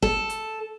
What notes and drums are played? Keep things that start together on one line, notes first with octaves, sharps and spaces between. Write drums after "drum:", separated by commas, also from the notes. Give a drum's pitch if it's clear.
A4, drum: kick F#1
drum: hi-hat